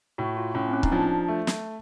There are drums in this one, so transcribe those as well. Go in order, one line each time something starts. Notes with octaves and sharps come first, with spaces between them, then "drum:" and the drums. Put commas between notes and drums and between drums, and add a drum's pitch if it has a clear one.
A2 F#4
F4
A2 C#4
C4
C#4
D#4, drum: kick C#1
F3 D4
A3
drum: snare